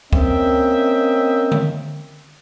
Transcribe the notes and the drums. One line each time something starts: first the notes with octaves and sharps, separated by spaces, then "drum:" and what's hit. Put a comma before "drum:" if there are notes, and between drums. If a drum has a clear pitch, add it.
A#3 C4 C#4 D#5 E5 G5, drum: kick C#2
drum: tom D3